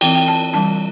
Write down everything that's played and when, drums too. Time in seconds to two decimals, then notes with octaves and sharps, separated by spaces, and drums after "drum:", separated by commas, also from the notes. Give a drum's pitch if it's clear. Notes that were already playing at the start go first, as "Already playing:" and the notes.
0.01 E3 C4 G5, drum: cymbal
0.15 G5
0.28 A5
0.53 E3 G3 D4 A5